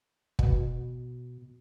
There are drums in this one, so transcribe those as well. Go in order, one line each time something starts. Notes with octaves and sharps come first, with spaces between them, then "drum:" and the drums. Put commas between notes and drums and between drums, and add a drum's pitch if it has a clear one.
B2, drum: kick